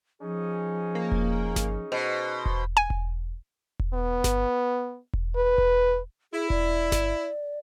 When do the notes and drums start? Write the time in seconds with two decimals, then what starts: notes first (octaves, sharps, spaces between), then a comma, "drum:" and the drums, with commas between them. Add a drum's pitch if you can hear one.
0.22 F3 C#4 D#4 G#4
0.95 A#3
1.12 drum: kick E1
1.56 drum: snare G1
1.92 B2 C5
2.46 drum: kick E1
2.77 G#5
2.90 drum: kick E1
3.79 drum: kick E1
3.94 B3
4.24 drum: snare G1
5.13 drum: kick E1
5.36 B4
5.58 drum: kick E1
6.33 E4 G#4
6.50 D5, drum: kick E1
6.92 drum: snare G1